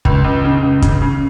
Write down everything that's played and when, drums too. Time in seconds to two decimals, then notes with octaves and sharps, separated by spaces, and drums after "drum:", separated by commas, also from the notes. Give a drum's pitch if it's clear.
0.05 C#2, drum: kick
0.24 C#2
0.44 C#3
0.62 C#2
0.82 C#3, drum: kick, hi-hat
1.01 C#3